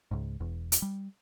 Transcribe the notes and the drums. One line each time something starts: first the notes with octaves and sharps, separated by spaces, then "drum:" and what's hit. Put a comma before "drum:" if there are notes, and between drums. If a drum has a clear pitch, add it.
C#2 G#2
E1 E2
drum: hi-hat
G3